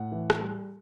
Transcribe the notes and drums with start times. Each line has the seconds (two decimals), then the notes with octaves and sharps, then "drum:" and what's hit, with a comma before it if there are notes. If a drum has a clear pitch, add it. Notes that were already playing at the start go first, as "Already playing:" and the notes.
Already playing: A2 F#5
0.12 E3
0.30 drum: rim click
0.40 G3